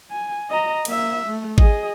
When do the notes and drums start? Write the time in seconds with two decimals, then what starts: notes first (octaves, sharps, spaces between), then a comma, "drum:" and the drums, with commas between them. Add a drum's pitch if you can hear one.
0.11 G#5
0.50 D#5 A#5
0.85 A#3 E5, drum: cymbal
1.27 A3
1.58 G#4 D#5, drum: kick G#1